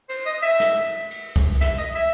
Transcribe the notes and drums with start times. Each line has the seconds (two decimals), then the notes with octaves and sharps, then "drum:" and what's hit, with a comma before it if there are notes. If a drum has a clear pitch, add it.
0.09 C5, drum: cymbal
0.26 D#5
0.43 E5
0.60 drum: snare
1.10 drum: cymbal
1.36 drum: kick, cymbal
1.61 E5, drum: snare
1.78 D#5
1.95 E5